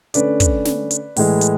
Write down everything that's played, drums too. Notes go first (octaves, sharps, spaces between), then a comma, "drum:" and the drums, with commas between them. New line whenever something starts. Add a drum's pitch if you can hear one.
D3 A3 C#4 B4 D5, drum: hi-hat
drum: kick, hi-hat
drum: snare
drum: hi-hat
A2 E3 G#3, drum: open hi-hat
drum: hi-hat